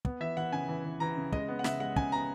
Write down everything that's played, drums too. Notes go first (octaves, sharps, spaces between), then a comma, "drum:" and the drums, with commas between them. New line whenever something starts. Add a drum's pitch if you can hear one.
B3, drum: kick
E3 E5
E3 F#5
C#3 G#5
E3
E3
E3 A#5
C#3
G#3 D#5, drum: kick
B3
F#5
C#3 E5, drum: snare
G#3 F#5
C#3 G#5, drum: kick
B3 A#5